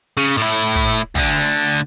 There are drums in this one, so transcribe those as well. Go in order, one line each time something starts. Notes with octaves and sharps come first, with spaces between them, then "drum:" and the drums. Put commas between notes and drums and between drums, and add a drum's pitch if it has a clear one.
C#3
A2 E4
drum: kick
D2 D3, drum: kick
drum: open hi-hat